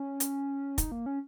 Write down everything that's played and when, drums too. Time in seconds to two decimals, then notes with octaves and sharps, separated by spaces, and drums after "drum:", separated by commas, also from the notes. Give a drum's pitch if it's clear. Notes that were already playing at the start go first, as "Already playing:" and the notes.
Already playing: C#4
0.20 drum: hi-hat
0.78 D#4, drum: kick, hi-hat
0.92 A#3
1.06 C#4